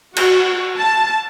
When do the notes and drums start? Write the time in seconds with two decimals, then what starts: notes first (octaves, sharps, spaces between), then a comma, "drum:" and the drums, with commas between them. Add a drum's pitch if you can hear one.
0.16 F#4, drum: cymbal
0.78 A5